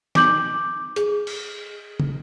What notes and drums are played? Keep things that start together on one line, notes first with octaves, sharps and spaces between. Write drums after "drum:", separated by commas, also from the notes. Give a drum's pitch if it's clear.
D#4 D6 G6 F#7, drum: snare
G#4, drum: hi-hat
drum: cymbal
drum: tom